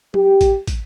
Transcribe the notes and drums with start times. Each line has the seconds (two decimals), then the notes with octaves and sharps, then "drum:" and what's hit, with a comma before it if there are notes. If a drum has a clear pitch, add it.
0.14 G4, drum: tom F#3
0.41 drum: kick, hi-hat
0.67 drum: kick, hi-hat